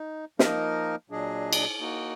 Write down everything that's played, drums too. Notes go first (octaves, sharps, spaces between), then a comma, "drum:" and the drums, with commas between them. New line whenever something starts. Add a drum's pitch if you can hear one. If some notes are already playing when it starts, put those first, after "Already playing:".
Already playing: D#4
F3 A#3 D#4 A#4 D#5, drum: snare
A#2 F#3 D4 G#4 D#5
drum: cymbal
A#3 D#4 F#4